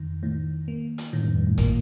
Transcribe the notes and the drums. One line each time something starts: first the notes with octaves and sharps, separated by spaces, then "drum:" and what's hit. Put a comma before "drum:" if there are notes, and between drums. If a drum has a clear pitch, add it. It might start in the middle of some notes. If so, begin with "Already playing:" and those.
Already playing: F2 D#3
A2 D#3
A#3
drum: hi-hat
A2 D#3
G2
F2
G2
A2
A#2 A#3, drum: kick G#1, hi-hat